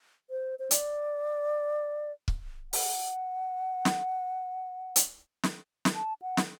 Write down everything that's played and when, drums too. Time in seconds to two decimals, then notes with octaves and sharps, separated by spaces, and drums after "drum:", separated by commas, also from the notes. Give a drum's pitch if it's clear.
0.30 C5
0.59 C5
0.71 D5, drum: hi-hat
2.28 drum: kick
2.73 F#5, drum: open hi-hat
3.85 drum: snare
4.96 drum: hi-hat
5.43 drum: snare
5.85 drum: snare
5.95 A5
6.22 F#5
6.37 drum: snare